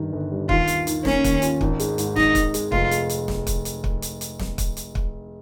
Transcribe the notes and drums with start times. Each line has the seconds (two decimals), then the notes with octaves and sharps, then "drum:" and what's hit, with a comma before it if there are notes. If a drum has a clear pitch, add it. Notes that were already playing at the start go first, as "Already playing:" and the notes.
Already playing: G1 G2 D#3 G3
0.13 G1
0.31 G3
0.49 D#2 F4, drum: kick
0.67 F4, drum: hi-hat
0.87 D#3, drum: hi-hat
1.05 A#3 C#4, drum: snare
1.24 D#2, drum: kick, hi-hat
1.42 F4, drum: hi-hat
1.61 G#1, drum: kick
1.80 G#3, drum: hi-hat
1.98 G#2, drum: hi-hat
2.16 D#3 D#4, drum: snare
2.35 G#1, drum: kick, hi-hat
2.54 G#3, drum: hi-hat
2.72 F1 F4, drum: kick
2.91 G#3, drum: hi-hat
3.09 drum: hi-hat
3.28 drum: snare
3.47 drum: kick, hi-hat
3.65 drum: hi-hat
3.84 drum: kick
4.02 drum: hi-hat
4.21 drum: hi-hat
4.39 drum: snare
4.58 drum: kick, hi-hat
4.77 drum: hi-hat
4.95 drum: kick